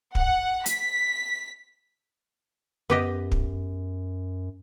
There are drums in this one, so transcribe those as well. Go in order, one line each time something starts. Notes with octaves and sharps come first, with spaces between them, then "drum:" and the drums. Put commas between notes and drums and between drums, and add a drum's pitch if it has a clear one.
F#5, drum: kick
B6, drum: hi-hat
F#2 B3 G4 D#5
drum: kick